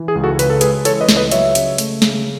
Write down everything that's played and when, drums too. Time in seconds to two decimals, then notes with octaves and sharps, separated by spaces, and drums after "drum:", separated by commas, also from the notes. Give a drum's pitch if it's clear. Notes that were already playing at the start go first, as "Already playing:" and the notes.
Already playing: E3
0.08 G#4
0.15 C#2
0.23 F#4 A4
0.39 C#3 B4, drum: hi-hat
0.50 A4
0.61 G#3 G#4 B4, drum: hi-hat
0.85 E3 A4 C#5, drum: hi-hat
1.01 B4 D#5
1.09 C#2, drum: snare
1.17 B4 D#5
1.32 F#3 C#5 E5, drum: hi-hat
1.55 C#3, drum: hi-hat
1.78 A3, drum: hi-hat
2.02 C#3, drum: snare